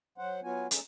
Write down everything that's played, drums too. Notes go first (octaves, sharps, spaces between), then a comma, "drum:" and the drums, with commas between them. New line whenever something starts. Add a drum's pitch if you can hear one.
F#3 C5 F#5
F#3 B3 F4 F#4 G#5
C#4 D#4 G#4 A4, drum: hi-hat